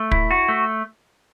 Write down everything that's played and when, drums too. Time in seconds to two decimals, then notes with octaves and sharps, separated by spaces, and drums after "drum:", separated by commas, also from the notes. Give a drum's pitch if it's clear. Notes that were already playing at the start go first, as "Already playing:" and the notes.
Already playing: A3
0.11 E4, drum: kick
0.31 F#4
0.48 A3